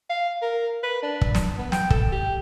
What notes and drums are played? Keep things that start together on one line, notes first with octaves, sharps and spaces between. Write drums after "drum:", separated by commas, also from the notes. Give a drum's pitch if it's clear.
F5
A#4
B4
D4
drum: kick
drum: snare
B3
G5, drum: snare
A4, drum: kick
G4